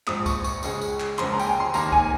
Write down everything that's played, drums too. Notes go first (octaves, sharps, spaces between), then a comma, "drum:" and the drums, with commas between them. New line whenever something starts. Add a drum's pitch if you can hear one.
A#1 G#2 F3 D#6, drum: clap
C#6, drum: kick C2, tambourine
C#6, drum: tambourine
C#2 C#3 G#3 C#6, drum: tambourine
drum: tambourine
drum: clap
C#2 C#3 F3 A#3 C6, drum: clap
A#5
G5, drum: tambourine
G#5
C6
D#2 D#3 A#3 A#5, drum: tambourine
G#5, drum: kick C2